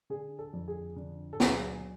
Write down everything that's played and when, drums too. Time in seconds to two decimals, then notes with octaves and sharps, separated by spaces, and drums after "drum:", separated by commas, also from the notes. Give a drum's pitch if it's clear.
0.10 D3 G#4
0.39 A4
0.53 F2
0.68 G#4
0.96 D3
1.33 A4
1.40 F#3 G#4, drum: snare